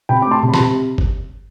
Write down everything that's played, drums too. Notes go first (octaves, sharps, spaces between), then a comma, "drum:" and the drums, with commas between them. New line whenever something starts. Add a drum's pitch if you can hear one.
C3 G5 B5
A3 D6
A5 C6
C3
B5
A5 C6, drum: snare
C3
drum: kick